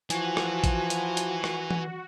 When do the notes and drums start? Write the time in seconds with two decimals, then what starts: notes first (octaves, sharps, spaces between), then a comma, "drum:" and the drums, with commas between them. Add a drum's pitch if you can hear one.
0.10 E3 F3 F#4 G#5, drum: hi-hat
0.37 drum: rim click
0.64 drum: kick A1, hi-hat
0.90 drum: hi-hat
1.17 drum: hi-hat
1.44 drum: rim click
1.71 drum: tom E3